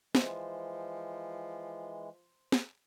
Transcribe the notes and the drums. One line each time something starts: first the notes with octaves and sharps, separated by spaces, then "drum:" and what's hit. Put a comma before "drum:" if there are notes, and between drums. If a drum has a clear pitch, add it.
E3 F3 G#3 C5, drum: snare
drum: snare